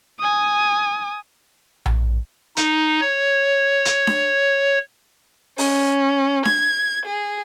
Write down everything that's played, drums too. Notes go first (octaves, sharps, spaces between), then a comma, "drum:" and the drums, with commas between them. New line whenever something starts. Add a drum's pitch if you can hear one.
G#5 D#6
drum: tom A#1
D#4, drum: hi-hat
C#5
drum: hi-hat
drum: snare D4
C#4, drum: open hi-hat
G#6, drum: snare D4
G#4